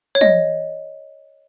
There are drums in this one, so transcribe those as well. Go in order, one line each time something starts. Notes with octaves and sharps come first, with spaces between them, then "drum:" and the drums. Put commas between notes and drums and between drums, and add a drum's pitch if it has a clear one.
C#5
D#5, drum: tom